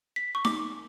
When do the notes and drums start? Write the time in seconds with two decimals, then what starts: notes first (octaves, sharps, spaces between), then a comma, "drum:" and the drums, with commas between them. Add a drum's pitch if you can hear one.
0.16 B6
0.35 C#6
0.45 D6, drum: snare D#4